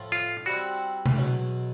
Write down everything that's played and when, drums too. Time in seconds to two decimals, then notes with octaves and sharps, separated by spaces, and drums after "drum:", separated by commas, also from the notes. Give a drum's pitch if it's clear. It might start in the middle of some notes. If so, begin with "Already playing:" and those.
Already playing: A2 F3 A3
0.12 F4
0.46 G3 C4 E4 F#4
1.06 drum: tom C3
1.15 E2 B2 F#3